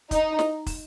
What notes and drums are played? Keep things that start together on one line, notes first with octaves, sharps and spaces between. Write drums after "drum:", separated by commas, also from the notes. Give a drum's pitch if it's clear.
D#4, drum: kick, hi-hat
drum: snare
drum: kick, open hi-hat